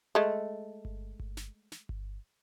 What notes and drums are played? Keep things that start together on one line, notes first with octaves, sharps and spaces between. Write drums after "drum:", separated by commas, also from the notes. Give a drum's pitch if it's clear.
G#3 A3
drum: kick G1
drum: kick G1
drum: snare
drum: snare
drum: kick G1